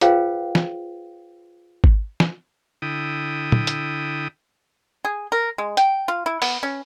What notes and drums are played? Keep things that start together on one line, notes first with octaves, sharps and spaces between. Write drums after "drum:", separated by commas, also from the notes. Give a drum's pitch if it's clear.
F4 G#4 B4 C5 F5 G5, drum: hi-hat
drum: snare
drum: kick G#1
drum: snare
D3 E4 G5 D#6
drum: tom
drum: hi-hat
G#4
A#4
G#3
G5, drum: hi-hat
F4
E4
B3, drum: open hi-hat
C#4